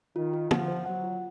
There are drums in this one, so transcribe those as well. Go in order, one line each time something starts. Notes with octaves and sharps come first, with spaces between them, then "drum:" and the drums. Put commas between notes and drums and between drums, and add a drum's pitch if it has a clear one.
D#3 F4
F4
F3 F#5, drum: tom
C5
F#3 F#5
F4